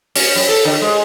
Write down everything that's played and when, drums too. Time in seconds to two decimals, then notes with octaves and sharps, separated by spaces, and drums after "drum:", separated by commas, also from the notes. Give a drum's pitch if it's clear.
0.16 C#4, drum: open hi-hat
0.35 F#2
0.49 A4
0.65 D3
0.82 G#3